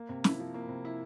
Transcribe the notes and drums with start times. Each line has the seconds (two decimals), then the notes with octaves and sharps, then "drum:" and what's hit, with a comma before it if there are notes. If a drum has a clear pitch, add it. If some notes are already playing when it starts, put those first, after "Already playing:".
Already playing: A#3
0.09 C3
0.24 E4, drum: snare
0.39 F3
0.54 A#3
0.69 C3
0.85 E4